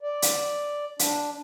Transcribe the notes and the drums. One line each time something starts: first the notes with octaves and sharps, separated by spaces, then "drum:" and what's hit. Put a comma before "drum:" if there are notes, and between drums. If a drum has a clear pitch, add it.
D5
drum: hi-hat
D4, drum: hi-hat